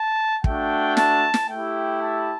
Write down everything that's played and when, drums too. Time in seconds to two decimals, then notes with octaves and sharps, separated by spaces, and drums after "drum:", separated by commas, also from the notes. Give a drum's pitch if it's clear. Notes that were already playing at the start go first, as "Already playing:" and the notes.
Already playing: A5
0.44 A3 D4 F#4 G5, drum: kick
0.97 A5, drum: snare
1.34 drum: snare
1.49 A3 E4 G4 G5
2.02 A5